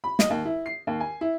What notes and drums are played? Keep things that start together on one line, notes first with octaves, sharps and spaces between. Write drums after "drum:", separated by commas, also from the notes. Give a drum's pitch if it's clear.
B5
D#5, drum: snare
D#2
E4
C7
D#2
G#5
E4